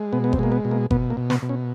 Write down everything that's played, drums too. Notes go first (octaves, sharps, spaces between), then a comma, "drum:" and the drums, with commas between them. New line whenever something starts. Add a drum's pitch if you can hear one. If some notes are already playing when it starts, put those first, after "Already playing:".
Already playing: G#3
B2 B3
B3
C4, drum: kick G1
G#3 A#3
B3
B2
A#3
B2 B3, drum: kick G1
A#3
B2
B3, drum: snare
B2
C#4